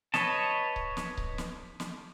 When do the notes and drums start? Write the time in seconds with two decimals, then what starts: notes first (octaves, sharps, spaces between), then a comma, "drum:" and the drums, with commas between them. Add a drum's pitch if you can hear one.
0.14 B4 C#5 D#5 A5, drum: snare
0.76 drum: kick C#1
0.97 drum: snare
1.17 drum: kick C#1
1.38 drum: snare
1.80 drum: snare